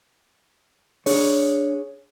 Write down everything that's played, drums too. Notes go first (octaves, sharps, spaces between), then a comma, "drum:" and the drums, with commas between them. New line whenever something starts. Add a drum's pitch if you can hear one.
D4 G#4 C#5, drum: open hi-hat